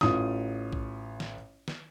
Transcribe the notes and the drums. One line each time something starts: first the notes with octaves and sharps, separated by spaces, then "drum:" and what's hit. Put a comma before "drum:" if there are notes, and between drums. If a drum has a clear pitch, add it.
A1 F4 D#6, drum: snare
drum: kick A#1
drum: snare
drum: snare